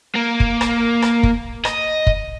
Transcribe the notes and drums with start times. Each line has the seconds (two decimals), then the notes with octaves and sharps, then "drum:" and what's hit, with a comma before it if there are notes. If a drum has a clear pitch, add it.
0.16 A#3
0.40 drum: kick
0.61 drum: rim click
1.02 drum: rim click
1.23 drum: kick
1.65 D#5, drum: rim click
2.07 drum: kick